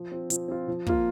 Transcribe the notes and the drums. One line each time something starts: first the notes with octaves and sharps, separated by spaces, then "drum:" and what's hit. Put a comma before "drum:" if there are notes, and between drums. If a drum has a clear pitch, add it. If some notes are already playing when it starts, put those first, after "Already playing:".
Already playing: F3
C4 F4
F3, drum: hi-hat
C4 F4
F3
A#3 F4, drum: kick